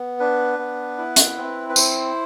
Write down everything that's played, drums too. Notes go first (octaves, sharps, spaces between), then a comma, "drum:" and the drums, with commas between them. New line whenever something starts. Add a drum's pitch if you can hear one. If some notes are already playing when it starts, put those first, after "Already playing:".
Already playing: B3
D4 B4
B3
E4
drum: hi-hat
C4
B4
E4 C5, drum: tambourine